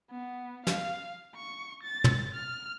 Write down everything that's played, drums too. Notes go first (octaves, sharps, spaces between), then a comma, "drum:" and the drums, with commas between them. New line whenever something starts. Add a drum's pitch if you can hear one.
B3
F5, drum: snare
C#6
A6
drum: tom
F6